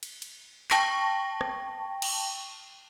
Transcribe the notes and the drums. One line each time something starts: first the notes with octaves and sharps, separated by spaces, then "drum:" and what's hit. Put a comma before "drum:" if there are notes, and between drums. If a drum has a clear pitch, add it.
drum: cymbal
drum: cymbal
G5 A5 C#6 A#6, drum: clap
drum: rim click
drum: cymbal